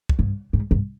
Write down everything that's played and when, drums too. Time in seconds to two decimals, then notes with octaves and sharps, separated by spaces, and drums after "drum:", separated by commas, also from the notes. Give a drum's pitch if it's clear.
0.09 drum: kick
0.19 G2
0.53 G#2
0.71 G2